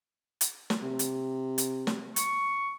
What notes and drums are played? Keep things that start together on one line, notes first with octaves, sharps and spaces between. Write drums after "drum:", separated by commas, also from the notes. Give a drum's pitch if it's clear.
drum: hi-hat
drum: snare
C3
drum: hi-hat
drum: hi-hat
drum: snare
C#6, drum: hi-hat